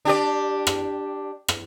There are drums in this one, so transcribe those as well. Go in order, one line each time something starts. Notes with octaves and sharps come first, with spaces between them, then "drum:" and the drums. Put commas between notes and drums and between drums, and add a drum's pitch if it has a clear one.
D4 G4 D5
drum: rim click
drum: rim click